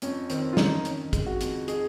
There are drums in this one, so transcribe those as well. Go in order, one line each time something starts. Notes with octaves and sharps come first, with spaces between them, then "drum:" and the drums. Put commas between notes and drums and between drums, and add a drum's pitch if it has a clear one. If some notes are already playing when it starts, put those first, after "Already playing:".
F2 C#4, drum: hi-hat
D#3 C4, drum: hi-hat
F4
C#4 D#4, drum: snare
C#4, drum: hi-hat
G#3, drum: kick, hi-hat
F#4
F2, drum: hi-hat
D#4 G#4, drum: hi-hat